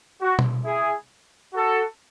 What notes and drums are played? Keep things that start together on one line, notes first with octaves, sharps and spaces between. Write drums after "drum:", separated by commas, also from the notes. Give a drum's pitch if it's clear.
F#4
drum: tom B2
E4 G#4
F#4 A4